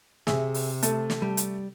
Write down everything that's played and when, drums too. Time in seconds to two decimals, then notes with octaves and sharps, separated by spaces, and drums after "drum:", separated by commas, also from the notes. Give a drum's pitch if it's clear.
0.27 C3 G#4 E5, drum: snare
0.54 drum: open hi-hat
0.83 A3 A5, drum: hi-hat
1.10 drum: snare
1.22 G3
1.37 drum: hi-hat